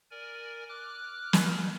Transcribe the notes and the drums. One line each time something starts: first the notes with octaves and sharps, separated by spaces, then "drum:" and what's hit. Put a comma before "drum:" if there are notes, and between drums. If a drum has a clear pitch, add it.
A#4 D5 G#5
D6 F6 F#6
drum: snare